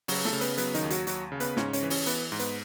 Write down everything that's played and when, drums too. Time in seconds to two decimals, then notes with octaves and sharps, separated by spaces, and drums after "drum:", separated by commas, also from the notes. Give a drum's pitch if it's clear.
0.08 C#3 F#3 F#4, drum: open hi-hat
0.25 A3 A4, drum: snare
0.33 C#3
0.41 B3 B4, drum: hi-hat
0.58 F#3 B3 B4, drum: hi-hat
0.74 D#3 D#4, drum: hi-hat
0.82 D#2
0.90 F#3 F#4, drum: hi-hat
1.07 F#3 F#4, drum: hi-hat
1.32 C#3
1.40 B3 B4, drum: hi-hat
1.57 G#2 C#4 C#5, drum: snare
1.73 C#4 C#5, drum: hi-hat
1.82 E3 B4
1.90 C#4 C#5, drum: open hi-hat
2.06 E3 B3 B4, drum: hi-hat
2.32 G#2
2.39 B3 B4, drum: hi-hat